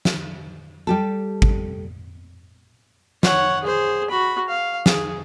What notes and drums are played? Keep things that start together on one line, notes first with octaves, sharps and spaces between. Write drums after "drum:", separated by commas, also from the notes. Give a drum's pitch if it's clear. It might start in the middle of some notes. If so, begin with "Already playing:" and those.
drum: snare
G3 G4 A4
drum: kick G#1
C#5 F#5, drum: snare
G#4 C5
F#4 B5
F5
G#4, drum: snare